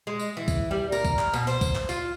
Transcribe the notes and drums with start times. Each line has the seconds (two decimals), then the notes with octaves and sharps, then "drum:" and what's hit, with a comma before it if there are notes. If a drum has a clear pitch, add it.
0.07 G#3
0.19 drum: tambourine
0.37 E3
0.48 drum: kick, tambourine
0.71 G3
0.92 A#4, drum: tambourine
1.05 drum: kick, tambourine
1.19 drum: clap
1.33 B2, drum: tambourine
1.47 C5, drum: tambourine
1.61 drum: kick, tambourine
1.75 drum: clap
1.89 F4, drum: tambourine